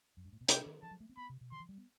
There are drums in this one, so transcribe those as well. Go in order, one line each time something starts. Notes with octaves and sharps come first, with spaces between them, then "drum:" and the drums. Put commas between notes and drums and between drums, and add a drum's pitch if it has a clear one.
F#2
G2
A2
B2
C3 G5, drum: hi-hat
D#3
E3 A5
F#3
A3
C4
B3 B5
C3
B2
D#3 C6
E3
G3
B3